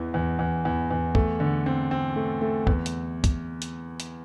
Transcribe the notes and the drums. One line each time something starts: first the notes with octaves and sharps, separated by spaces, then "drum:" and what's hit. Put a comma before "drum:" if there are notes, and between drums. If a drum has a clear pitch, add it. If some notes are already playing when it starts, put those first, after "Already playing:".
Already playing: E2 E3
E2
E2
E2
E2
A3, drum: kick
D3
C4
C4
A3
A3
E2, drum: kick
drum: hi-hat
drum: kick, hi-hat
drum: hi-hat
drum: hi-hat